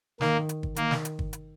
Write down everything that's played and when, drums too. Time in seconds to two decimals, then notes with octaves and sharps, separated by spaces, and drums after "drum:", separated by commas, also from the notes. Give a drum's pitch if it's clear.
0.21 D#3 A#3, drum: snare
0.49 drum: hi-hat
0.63 drum: kick
0.76 D#3 A#3, drum: hi-hat
0.91 drum: snare
1.05 drum: hi-hat
1.19 drum: kick
1.33 drum: hi-hat